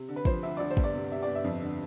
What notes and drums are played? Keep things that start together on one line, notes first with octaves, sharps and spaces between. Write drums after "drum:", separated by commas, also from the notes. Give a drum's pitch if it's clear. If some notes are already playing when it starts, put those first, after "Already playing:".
Already playing: C3
D3
B4
F3 C5, drum: kick
D2 E5
D2 D5
C5
G1, drum: kick
D5
C3
C3 E5
G1 D5
E5
F2
D3